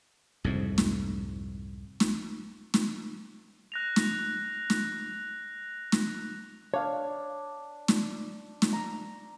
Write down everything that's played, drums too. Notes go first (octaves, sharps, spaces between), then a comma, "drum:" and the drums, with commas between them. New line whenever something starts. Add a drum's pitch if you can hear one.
C2 F2 G#2
drum: snare
drum: snare
drum: snare
F#6 A#6 F7
drum: snare
drum: snare
drum: snare
D4 C#5 F5
drum: snare
drum: snare
A#5